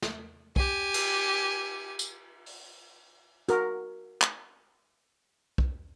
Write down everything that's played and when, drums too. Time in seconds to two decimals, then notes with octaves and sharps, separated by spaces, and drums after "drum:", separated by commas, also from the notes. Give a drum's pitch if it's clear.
0.02 drum: snare
0.56 G4 G#5, drum: kick B1
0.94 drum: cymbal
1.99 drum: tambourine
2.46 drum: open hi-hat
3.49 F#4 A#4, drum: hi-hat
4.22 drum: clap
5.58 drum: kick B1